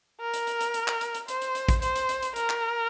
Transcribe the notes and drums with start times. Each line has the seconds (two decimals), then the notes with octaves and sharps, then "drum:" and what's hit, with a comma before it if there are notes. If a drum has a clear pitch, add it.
0.20 A#4
0.34 drum: hi-hat
0.47 drum: hi-hat
0.61 drum: hi-hat
0.74 drum: hi-hat
0.88 drum: clap
1.01 drum: hi-hat
1.15 drum: hi-hat
1.28 C5, drum: hi-hat
1.42 drum: hi-hat
1.55 drum: hi-hat
1.69 drum: kick, hi-hat
1.82 C5, drum: hi-hat
1.96 drum: hi-hat
2.09 drum: hi-hat
2.23 drum: hi-hat
2.36 A#4, drum: hi-hat
2.49 drum: clap